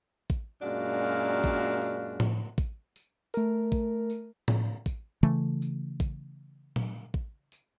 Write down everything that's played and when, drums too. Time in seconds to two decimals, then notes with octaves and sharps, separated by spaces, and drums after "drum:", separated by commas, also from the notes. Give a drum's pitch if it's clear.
0.30 drum: kick, tambourine
0.62 F#2 A#2 G#3 D4 F#4 F5
1.06 drum: tambourine
1.44 drum: kick, tambourine
1.82 drum: tambourine
2.20 drum: tom A2
2.58 drum: kick, tambourine
2.96 drum: tambourine
3.34 A3 A#4, drum: tambourine
3.72 drum: kick, tambourine
4.10 drum: tambourine
4.48 drum: tom A2
4.86 drum: kick, tambourine
5.23 C#3 E3 A3
5.62 drum: tambourine
6.00 drum: kick, tambourine
6.76 drum: tom A#2
7.14 drum: kick
7.52 drum: tambourine